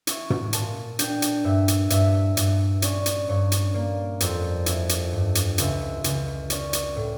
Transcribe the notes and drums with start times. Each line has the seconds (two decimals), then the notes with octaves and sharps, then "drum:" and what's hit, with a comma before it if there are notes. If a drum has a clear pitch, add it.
0.07 E4 C#6, drum: hi-hat
0.30 drum: tom
0.53 A#2 A5, drum: hi-hat
0.99 D4 G5, drum: hi-hat
1.22 drum: hi-hat
1.44 G2 E5
1.68 drum: hi-hat
1.90 G2 E5, drum: hi-hat
2.37 G2, drum: hi-hat
2.82 C#4 D5, drum: hi-hat
3.06 drum: hi-hat
3.29 G2 C#5
3.52 drum: hi-hat
3.74 A#3 D5
4.20 F2, drum: hi-hat
4.66 E4, drum: hi-hat
4.89 drum: hi-hat
5.12 G2
5.35 drum: hi-hat
5.58 C#2 E5, drum: hi-hat
6.04 C#2, drum: hi-hat
6.50 C#4 D5, drum: hi-hat
6.73 drum: hi-hat
6.96 A2